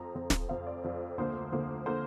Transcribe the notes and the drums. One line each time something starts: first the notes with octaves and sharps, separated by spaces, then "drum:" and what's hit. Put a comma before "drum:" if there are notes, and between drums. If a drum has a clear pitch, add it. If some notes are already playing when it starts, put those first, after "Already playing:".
Already playing: F2 F3 C4 A#5
F2 F3 C4
drum: snare
F2 F3 C4 F5
D5
F2 F3 C4
D2 D3 F3 A#3 C5
D2 D3 F3 A#3
D3 F3 A#3 C5